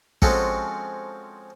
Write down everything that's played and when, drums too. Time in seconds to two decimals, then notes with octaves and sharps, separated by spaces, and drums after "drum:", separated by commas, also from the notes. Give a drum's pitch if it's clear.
0.22 F3 G#3 C4 C#4 F#4 A4, drum: kick